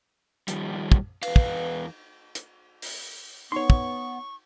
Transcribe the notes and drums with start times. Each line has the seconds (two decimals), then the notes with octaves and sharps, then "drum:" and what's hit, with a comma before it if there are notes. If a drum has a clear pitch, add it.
0.48 D#3 F3 G3, drum: hi-hat
0.92 drum: kick
1.23 E2 B4 F5, drum: cymbal
1.36 drum: kick
2.35 drum: hi-hat
2.82 drum: open hi-hat
3.52 B3 D#4 C#5 C6 C#6
3.70 drum: kick